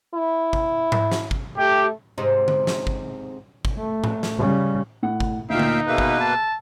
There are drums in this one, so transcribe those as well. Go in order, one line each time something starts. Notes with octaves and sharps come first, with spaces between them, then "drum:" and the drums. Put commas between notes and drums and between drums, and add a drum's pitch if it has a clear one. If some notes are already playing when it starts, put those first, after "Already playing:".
E4
drum: kick
drum: tom G#2
drum: snare
drum: kick
A3 G4
G#2 C3 D#4
drum: tom D3
drum: snare
drum: kick
drum: kick
A3
drum: tom A2
drum: snare
C#3 G3
A2 F#5
drum: kick
D2 A#2 D#4 E5 F5 G5
drum: tom D3
B2 A#3 G#4 B4 E5 E6
drum: kick
A5